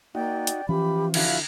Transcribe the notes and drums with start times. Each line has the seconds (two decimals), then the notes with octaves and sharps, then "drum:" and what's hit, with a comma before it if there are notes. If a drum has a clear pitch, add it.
0.15 A#3 D#4 F#4 D5 G5
0.47 drum: hi-hat
0.69 E3 F3 C#4 G4 B5
1.14 D3 E4 F#4 F5, drum: cymbal